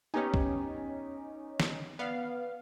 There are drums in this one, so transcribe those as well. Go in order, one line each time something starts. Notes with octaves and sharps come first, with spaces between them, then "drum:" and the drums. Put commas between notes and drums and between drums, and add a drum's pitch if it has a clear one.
B3 C#4 D#4 G4 G#5
drum: kick
drum: snare
B3 D5 F5